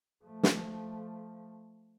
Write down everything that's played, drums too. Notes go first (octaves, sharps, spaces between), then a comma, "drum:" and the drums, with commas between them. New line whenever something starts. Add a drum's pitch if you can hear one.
F3 A3
drum: snare